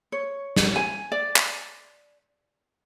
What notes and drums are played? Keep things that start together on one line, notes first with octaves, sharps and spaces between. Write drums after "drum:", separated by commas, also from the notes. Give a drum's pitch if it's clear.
C#5
drum: snare
G#5
D5
drum: clap